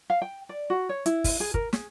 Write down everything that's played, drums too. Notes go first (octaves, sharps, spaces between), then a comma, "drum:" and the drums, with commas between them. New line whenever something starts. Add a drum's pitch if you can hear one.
F5
G5
D5
F#4
C#5
E4, drum: hi-hat
drum: kick, open hi-hat
G#4
A#4, drum: kick
G#4, drum: snare